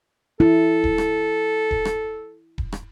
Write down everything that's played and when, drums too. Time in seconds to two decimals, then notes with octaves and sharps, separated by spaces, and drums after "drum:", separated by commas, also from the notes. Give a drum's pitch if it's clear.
0.40 E4 A4
0.84 drum: kick D#1
0.98 drum: rim click
1.71 drum: kick D#1
1.85 drum: rim click
2.58 drum: kick D#1
2.72 drum: rim click